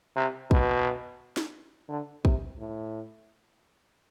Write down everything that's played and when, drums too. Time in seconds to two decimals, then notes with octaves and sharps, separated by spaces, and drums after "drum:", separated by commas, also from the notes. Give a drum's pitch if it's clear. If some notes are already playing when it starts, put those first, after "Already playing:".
0.16 C3
0.51 B2, drum: kick
1.37 drum: snare D#4
1.89 D3
2.25 C3, drum: kick
2.59 A2